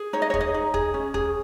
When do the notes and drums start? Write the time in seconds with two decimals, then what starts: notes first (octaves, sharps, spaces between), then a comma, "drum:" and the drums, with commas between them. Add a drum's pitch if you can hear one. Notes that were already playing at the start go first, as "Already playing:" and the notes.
Already playing: G#4
0.13 D#4 C#5
0.22 D#5
0.30 C#5
0.34 G#4, drum: kick E1
0.41 D#5
0.54 D#4
0.74 G#4, drum: kick E1
0.94 C#4
1.14 G#4, drum: kick E1